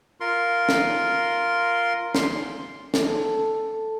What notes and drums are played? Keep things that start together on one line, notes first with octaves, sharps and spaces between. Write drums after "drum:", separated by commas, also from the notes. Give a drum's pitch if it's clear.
F4 A#4 C6
drum: snare
C6, drum: snare
A4, drum: snare